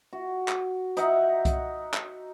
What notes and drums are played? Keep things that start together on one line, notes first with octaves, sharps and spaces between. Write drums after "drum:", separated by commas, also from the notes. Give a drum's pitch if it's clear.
F#4
drum: clap
D#4 E5 F#5 A#5, drum: hi-hat
drum: kick C2, hi-hat
drum: clap